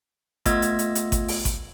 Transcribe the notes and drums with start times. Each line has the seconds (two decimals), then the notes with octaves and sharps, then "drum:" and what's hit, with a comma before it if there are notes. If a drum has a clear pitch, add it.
0.46 A3 B3 F4 D#5 E6 G#6, drum: kick G#1, hi-hat
0.62 drum: hi-hat
0.79 drum: hi-hat
0.95 drum: hi-hat
1.12 drum: kick G#1, hi-hat
1.29 drum: open hi-hat
1.45 drum: kick G#1, hi-hat